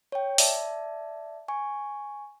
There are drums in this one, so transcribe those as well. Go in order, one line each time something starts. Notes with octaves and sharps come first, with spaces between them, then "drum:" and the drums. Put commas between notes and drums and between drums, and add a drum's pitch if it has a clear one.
C#5 G5
D5 E5 A5, drum: open hi-hat
G#5 C#6